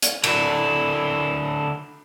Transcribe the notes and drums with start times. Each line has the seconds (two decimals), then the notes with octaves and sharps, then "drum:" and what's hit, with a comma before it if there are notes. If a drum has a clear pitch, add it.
0.02 drum: hi-hat
0.24 D3 E4, drum: cymbal